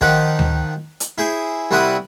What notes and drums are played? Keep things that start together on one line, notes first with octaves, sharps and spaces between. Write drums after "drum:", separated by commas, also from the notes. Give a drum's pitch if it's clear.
D#3 F3 D#4 G4 F#5, drum: kick
drum: tom D2
drum: hi-hat
E4 G#4 C5
C2 G3 C4 E4 F#5 D#6